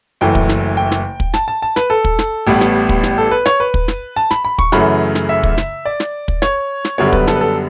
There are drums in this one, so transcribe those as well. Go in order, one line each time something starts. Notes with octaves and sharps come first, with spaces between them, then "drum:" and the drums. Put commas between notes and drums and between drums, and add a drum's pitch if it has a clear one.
F#1 F#2 E3 A3 G5
drum: kick
drum: snare
G5
drum: snare
drum: kick
A5, drum: snare
A5
A5
B4, drum: snare
A4
drum: kick
drum: snare
A1 A2 G3 B3
drum: snare
drum: kick
drum: snare
A4
B4
C#5, drum: snare
B4
drum: kick
drum: snare
A5
B5, drum: snare
B5
C#6, drum: kick
F#2 C#3 E3 A3 B5, drum: snare
drum: snare
E5
drum: kick
drum: snare
D5
drum: snare
drum: kick
C#5, drum: snare
drum: snare
F#2 D3 G3 B3 C#5
B4, drum: kick
A4, drum: snare
B4
A4